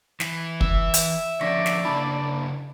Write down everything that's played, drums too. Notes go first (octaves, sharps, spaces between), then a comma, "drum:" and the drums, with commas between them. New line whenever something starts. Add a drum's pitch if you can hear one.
E3 E4, drum: snare
E5, drum: kick
drum: hi-hat
D3 F3 C#4 D5 C#6 A#6 B6
drum: snare
C#3 A#3 D4 E4 A5 B5